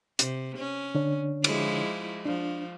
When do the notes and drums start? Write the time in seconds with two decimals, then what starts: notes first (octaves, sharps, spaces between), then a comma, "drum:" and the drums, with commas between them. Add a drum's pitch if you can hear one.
0.19 C3, drum: hi-hat
0.58 C#4
0.95 D3 D4 C#5
1.44 F3 G#3 E4, drum: cymbal
2.25 F3 D4